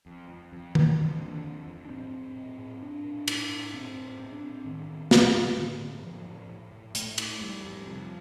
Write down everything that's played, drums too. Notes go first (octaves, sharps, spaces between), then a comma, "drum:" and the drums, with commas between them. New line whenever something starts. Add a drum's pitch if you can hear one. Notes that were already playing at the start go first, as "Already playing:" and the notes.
F2
F2
F2
F2, drum: tom D#3
F2
D3
F2
F2
D4
A2 C4
A2
A2
A2
A2 D4
A2
A2, drum: cymbal
A2
A2 C4
A2
A2 C4
D4
A2 C4
A2 D#3
A2
A2, drum: snare
A2
A2 D3
A2
A2 F3
A2
A2
A2
A2 A3, drum: hi-hat
A2, drum: cymbal
F2 G3
F2
C3 F3